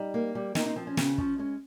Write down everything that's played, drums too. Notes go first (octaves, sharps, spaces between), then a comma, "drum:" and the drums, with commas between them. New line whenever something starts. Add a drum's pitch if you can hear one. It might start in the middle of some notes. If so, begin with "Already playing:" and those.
Already playing: G3 D#4
A#3
G3
A#3 C4 D#4, drum: snare
C4 D#4
F3 C4
C#4
C#3 C4, drum: snare
F3 C#4, drum: kick
G#3 C#4